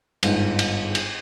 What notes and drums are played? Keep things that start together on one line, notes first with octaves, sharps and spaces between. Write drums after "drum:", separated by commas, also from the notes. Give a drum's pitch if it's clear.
G1 G#2, drum: cymbal
drum: cymbal
drum: cymbal